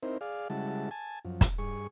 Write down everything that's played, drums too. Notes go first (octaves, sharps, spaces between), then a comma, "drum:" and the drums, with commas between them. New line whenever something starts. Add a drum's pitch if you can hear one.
C4 D#4 E4 A#4 C5
G#4 D5 F5
C#3 G3 G#3 E4 F#4 A5
G#5 A5
F#2 F3
drum: kick, hi-hat
G2 G#4 C#6